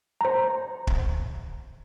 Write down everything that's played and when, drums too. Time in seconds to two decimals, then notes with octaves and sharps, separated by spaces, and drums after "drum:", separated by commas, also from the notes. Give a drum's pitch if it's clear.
0.21 C5 A#5
0.87 drum: kick